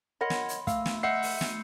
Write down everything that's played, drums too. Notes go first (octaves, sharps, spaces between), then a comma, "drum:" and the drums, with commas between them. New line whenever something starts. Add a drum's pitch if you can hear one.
A#4 C#5 D#5 F#5 B5 C6
drum: snare
drum: hi-hat
A3 F5 E6, drum: kick, hi-hat
drum: snare
D#5 E5 F#5 E6 G6 C7 C#7
drum: open hi-hat
drum: snare